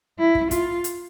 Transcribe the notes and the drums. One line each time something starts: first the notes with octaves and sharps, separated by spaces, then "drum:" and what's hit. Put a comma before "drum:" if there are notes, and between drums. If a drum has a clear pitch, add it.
E4
drum: kick
F4, drum: kick, hi-hat
drum: hi-hat